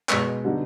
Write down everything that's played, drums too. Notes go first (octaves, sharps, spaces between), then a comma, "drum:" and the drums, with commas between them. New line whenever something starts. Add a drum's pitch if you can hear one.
B2 G#3 B3, drum: clap
D3 G3 B3 D#4 F#4